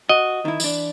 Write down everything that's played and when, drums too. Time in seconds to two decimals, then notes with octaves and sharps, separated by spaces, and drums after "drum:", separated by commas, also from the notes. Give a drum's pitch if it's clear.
0.09 F#4 D#5
0.45 D#3 E4
0.60 E3 D4, drum: tambourine